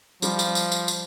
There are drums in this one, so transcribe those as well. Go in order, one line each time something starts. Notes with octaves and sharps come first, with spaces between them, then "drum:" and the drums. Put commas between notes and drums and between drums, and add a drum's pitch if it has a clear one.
F3 G3, drum: tambourine
drum: tambourine
drum: tambourine
drum: tambourine
drum: tambourine